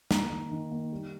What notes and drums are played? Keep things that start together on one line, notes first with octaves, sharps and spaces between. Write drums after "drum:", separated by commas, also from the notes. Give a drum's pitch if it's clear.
A#3 A#5, drum: snare
D#3
D#3
A#3
G3